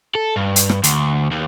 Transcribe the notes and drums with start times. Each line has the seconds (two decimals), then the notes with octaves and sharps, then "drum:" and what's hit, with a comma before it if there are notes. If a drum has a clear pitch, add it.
0.15 A4
0.36 G2
0.56 drum: hi-hat
0.69 drum: rim click
0.84 D2, drum: hi-hat
1.31 D#2